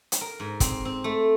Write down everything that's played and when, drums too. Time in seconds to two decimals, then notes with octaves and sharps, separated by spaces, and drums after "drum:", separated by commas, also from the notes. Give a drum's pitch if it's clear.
0.12 drum: hi-hat
0.21 A#4
0.40 G#2
0.60 C4, drum: kick, hi-hat
0.85 C4
1.04 A3